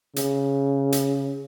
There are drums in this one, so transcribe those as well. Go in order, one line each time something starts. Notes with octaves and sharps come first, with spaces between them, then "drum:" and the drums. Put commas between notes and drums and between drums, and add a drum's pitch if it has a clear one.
C#3, drum: hi-hat
drum: hi-hat